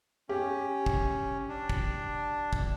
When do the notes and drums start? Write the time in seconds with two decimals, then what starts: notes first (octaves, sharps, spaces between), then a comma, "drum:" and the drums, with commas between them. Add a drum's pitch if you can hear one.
0.29 C#4 G4
0.86 drum: kick
1.49 D4
1.70 drum: kick
2.53 drum: kick